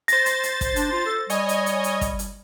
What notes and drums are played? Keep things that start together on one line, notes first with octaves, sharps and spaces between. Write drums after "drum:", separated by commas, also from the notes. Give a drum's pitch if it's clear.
C5 A6 A#6, drum: hi-hat
drum: hi-hat
drum: hi-hat
drum: kick, hi-hat
D4, drum: hi-hat
F4
A4
G3 C#5 D#5 G#5, drum: hi-hat
drum: hi-hat
drum: hi-hat
drum: hi-hat
drum: kick, hi-hat
drum: hi-hat